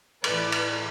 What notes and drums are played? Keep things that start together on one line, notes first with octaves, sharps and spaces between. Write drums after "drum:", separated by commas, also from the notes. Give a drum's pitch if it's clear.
A2 E3 B4 D5, drum: cymbal
drum: cymbal